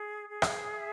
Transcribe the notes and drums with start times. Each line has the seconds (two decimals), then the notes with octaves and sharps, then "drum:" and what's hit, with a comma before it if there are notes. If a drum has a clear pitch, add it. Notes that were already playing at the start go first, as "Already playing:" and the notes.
Already playing: G#4
0.29 G#4
0.42 drum: rim click
0.74 E5